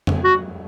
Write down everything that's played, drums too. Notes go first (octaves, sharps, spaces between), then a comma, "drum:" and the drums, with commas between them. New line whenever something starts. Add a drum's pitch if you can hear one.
drum: tom F2
F#4